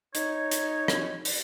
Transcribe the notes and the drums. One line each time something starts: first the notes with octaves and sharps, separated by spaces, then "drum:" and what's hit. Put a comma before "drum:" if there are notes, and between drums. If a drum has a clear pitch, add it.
D#4 C#5, drum: hi-hat
drum: hi-hat
drum: rim click
drum: open hi-hat